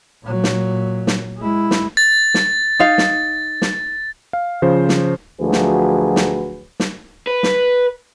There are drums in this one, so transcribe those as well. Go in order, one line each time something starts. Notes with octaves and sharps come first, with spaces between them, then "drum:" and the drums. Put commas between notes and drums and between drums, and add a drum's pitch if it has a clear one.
A#2 F#3
drum: snare
drum: snare
G#3 E4
drum: snare
A6
drum: snare
D#4 F5
drum: snare
drum: snare
F5
C#3 F3 C5
drum: snare
D2 F3 F#3 G#4 B4
drum: snare
drum: snare
drum: snare
B4
drum: snare